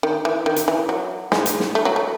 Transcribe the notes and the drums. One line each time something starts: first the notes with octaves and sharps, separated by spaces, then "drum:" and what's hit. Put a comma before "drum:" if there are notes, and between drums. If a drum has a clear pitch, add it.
D#3
E3
D#3
drum: hi-hat
E3
F#3
G#3, drum: snare
drum: hi-hat
drum: snare
A3
F#3
A3